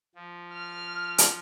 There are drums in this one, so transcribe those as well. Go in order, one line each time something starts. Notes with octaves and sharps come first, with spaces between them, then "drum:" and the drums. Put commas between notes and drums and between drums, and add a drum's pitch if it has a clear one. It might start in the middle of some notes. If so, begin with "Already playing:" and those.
F3
F6
drum: hi-hat